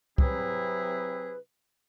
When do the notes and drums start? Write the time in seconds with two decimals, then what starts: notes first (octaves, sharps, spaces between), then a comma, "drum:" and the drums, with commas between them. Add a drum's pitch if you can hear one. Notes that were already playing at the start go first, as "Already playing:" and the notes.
0.18 C3 F#3 C4 E4 G#4 B4, drum: kick